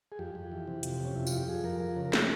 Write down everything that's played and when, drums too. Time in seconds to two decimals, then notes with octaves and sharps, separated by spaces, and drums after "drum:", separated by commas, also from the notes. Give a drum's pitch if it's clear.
0.12 G#4
0.19 F2 G4
0.35 F2
0.52 E3
0.67 C3
0.83 F2, drum: hi-hat
1.00 C3 C#4
1.16 F2 E4
1.27 F4, drum: tambourine
1.32 F2 G4
1.48 F3 G#4
1.64 F2 A#4
1.80 F3
1.96 C#3
2.05 A#4
2.13 G#4, drum: snare